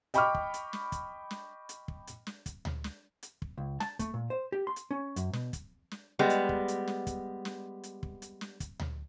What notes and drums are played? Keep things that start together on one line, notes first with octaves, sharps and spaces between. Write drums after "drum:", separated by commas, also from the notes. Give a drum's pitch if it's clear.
D#5 G5 B5 C#6 D6 F6, drum: hi-hat
drum: kick
drum: hi-hat
drum: snare
drum: kick, hi-hat
drum: snare
drum: hi-hat
drum: kick
drum: hi-hat
drum: snare
drum: kick, hi-hat
drum: tom D2
drum: snare
drum: hi-hat
drum: kick
C#2
A5, drum: snare
A3, drum: kick, hi-hat
A#2
C5
G4
C6
drum: hi-hat
C#4
F#2, drum: hi-hat
B2, drum: snare
drum: kick, hi-hat
drum: snare
G3 G#3 B3
drum: hi-hat
drum: kick
drum: hi-hat
drum: snare
drum: kick, hi-hat
drum: snare
drum: hi-hat
drum: kick
drum: hi-hat
drum: snare
drum: kick, hi-hat
drum: tom D2